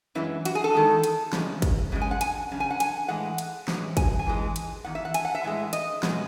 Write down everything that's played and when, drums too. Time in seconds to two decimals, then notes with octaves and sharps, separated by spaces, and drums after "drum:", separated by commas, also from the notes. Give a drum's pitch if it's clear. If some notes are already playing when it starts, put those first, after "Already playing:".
0.15 F#2 E3 G#3 E4
0.45 F#4, drum: cymbal
0.55 G#4
0.64 A4
0.75 E2 D#3 G#3
1.04 drum: cymbal
1.33 E2 C#3 G#3, drum: snare
1.62 drum: kick, cymbal
1.92 F#2 C#3 G#3
2.01 G#5
2.11 F#5
2.21 G#5, drum: cymbal
2.51 F#2 C#3
2.60 G#5
2.70 F#5
2.80 G#5, drum: cymbal
3.08 A2 E3 G#3 F#5
3.38 drum: cymbal
3.68 A2 E3 G#3, drum: snare
3.97 G#5, drum: kick, cymbal
4.19 G#5
4.26 G#2 E3 G#3
4.56 drum: cymbal
4.84 E2 D#3 F#5
4.95 E5
5.05 F#5
5.14 G#5, drum: cymbal
5.25 F#5
5.35 E5
5.44 A2 E3 G#3
5.73 D#5, drum: cymbal
6.03 B2 G#3, drum: snare